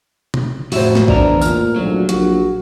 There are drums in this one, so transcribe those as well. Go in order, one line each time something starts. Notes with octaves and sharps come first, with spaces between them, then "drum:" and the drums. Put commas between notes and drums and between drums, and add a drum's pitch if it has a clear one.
drum: tom
F2 A2 F#4 C5 E5, drum: open hi-hat
drum: snare
E2 D3 E3 D4 A#4 C5 D5, drum: kick A#1
A1 A#2 F6, drum: tambourine
G#1 D2 F3 F#3
A#1 F#4, drum: hi-hat